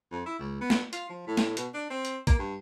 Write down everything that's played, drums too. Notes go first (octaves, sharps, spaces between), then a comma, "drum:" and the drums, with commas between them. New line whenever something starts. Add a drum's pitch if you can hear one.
F2
E4
C#2
B3
drum: snare
F4, drum: hi-hat
F3
A2
drum: snare
B2, drum: hi-hat
D4
C4
drum: hi-hat
A#3, drum: kick, hi-hat
G2